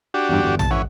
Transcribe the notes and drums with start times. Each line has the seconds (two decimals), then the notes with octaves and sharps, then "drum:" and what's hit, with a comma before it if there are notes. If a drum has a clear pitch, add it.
0.14 D4 F#4 G4
0.29 E2 G2
0.43 G1 E2
0.59 A5, drum: tom A#1
0.71 G#1 E3 C#4 F#5